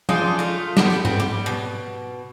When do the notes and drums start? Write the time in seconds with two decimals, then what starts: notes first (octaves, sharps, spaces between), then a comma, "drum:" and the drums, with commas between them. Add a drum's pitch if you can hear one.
0.09 G#3 D4 D#4 F4, drum: tom F3
0.39 A3 F4
0.77 G3 B3, drum: snare
0.90 drum: hi-hat
1.05 B3 C4, drum: tom G#2
1.20 G3
1.46 B2